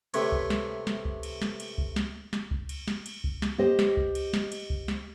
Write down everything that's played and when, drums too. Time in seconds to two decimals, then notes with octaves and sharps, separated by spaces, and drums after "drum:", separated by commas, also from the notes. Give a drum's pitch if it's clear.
0.14 C3 A3 B4 C#5, drum: cymbal
0.32 drum: kick C#2
0.50 drum: snare
0.87 drum: snare
1.05 drum: kick C#2
1.23 drum: cymbal
1.42 drum: snare
1.60 drum: cymbal
1.78 drum: kick C#2
1.96 drum: snare
2.33 drum: snare
2.51 drum: kick C#2
2.69 drum: cymbal
2.88 drum: snare
3.06 drum: cymbal
3.24 drum: kick C#2
3.42 drum: snare
3.58 G4 C5 D#5
3.79 drum: snare
3.97 drum: kick C#2
4.15 drum: cymbal
4.33 drum: snare
4.52 drum: cymbal
4.70 drum: kick C#2
4.88 drum: snare